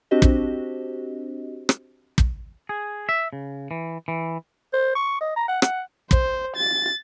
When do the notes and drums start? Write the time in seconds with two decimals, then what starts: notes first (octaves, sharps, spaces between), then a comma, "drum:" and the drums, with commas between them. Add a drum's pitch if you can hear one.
0.11 C4 D4 F#4 G4 C5 D#5
0.22 drum: kick
1.69 drum: rim click
2.18 drum: kick
2.69 G#4
3.09 E5
3.33 C#3
3.71 E3
4.08 E3
4.73 C5
4.95 C#6
5.21 D#5
5.36 A#5
5.48 F#5
5.62 F#5, drum: rim click
6.11 C5, drum: kick
6.56 A6